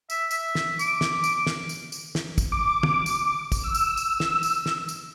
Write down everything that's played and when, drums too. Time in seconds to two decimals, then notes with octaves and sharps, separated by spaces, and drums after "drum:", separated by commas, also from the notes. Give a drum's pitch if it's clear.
0.10 E5, drum: tambourine
0.31 E5, drum: tambourine
0.55 drum: snare
0.79 D6, drum: tambourine
1.01 drum: snare
1.24 drum: tambourine
1.47 drum: snare
1.69 drum: tambourine
1.92 drum: tambourine
2.15 drum: snare
2.38 drum: kick, tambourine
2.52 D6
2.83 drum: tom
3.06 drum: tambourine
3.52 drum: kick, tambourine
3.64 E6
3.75 drum: tambourine
3.97 drum: tambourine
4.20 drum: snare
4.43 drum: tambourine
4.66 drum: snare
4.88 drum: tambourine